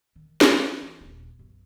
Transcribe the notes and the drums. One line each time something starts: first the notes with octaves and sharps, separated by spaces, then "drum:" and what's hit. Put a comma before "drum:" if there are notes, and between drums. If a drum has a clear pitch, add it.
D#3
drum: snare
E3
C4
D#1 B3
B1 F#2